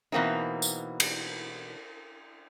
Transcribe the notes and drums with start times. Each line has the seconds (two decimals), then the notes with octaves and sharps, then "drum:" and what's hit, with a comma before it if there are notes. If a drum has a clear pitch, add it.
0.12 B2 E3 A#3 C4 D#4
0.62 drum: tambourine
1.00 drum: cymbal